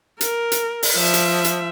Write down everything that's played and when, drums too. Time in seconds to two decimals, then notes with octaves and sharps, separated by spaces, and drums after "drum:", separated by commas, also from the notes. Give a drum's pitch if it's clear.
0.21 A#4, drum: hi-hat
0.52 drum: hi-hat
0.83 drum: open hi-hat
0.95 F3 E5
1.14 drum: hi-hat
1.45 drum: hi-hat